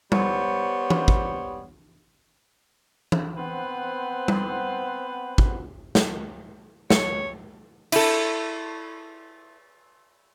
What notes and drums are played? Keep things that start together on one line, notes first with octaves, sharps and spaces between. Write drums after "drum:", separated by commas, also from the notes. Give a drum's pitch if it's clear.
G3 B3 C5 C#5, drum: tom G3
drum: tom E3
drum: kick
drum: tom E3
B3 C4 B4 C5 F#5
drum: tom G3
drum: kick
drum: snare
C#5, drum: snare
E4 A4, drum: cymbal